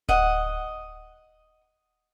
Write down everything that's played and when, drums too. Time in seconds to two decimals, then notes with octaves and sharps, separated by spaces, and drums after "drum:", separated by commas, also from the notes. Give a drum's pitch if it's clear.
0.09 D#5 F#5, drum: kick D1